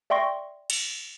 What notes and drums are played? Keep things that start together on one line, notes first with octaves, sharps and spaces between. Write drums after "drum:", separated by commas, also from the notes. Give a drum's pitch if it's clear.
D5 E5 G5 C6 C#6 A#6
drum: cymbal